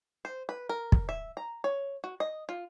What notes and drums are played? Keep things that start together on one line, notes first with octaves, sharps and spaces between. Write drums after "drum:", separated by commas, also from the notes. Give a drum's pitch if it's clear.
C5
B4
A#4
drum: kick
E5
A#5
C#5
F#4
D#5
F4